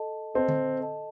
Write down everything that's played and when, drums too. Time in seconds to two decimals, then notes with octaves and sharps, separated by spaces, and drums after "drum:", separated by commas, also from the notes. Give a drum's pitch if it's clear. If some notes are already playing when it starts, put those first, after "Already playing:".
Already playing: A4 D#5 A5
0.34 C4 A4 D#5 A5
0.48 drum: tom D3
0.80 A4 D#5 A5